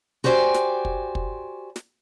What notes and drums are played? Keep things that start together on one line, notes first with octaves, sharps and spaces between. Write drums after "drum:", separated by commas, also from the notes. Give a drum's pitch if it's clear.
F#4 G4 C5 D5 G5 G#5
drum: snare
drum: kick
drum: kick
drum: snare